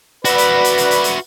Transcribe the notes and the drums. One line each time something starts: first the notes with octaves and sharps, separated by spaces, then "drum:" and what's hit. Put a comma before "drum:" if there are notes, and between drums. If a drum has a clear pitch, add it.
F#4 B4 D5 E5 F#5 B5, drum: hi-hat
drum: hi-hat
drum: hi-hat
drum: hi-hat
drum: hi-hat
drum: hi-hat